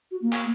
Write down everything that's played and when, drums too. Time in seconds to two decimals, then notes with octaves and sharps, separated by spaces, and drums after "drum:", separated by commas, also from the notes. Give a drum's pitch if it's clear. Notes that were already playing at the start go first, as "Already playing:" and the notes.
0.11 F#4
0.22 A#3
0.33 drum: clap